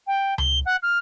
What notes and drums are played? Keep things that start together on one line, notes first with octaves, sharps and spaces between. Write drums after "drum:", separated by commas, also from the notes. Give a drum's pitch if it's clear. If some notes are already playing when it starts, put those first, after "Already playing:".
G5
G7, drum: tom C#2
F#5
F6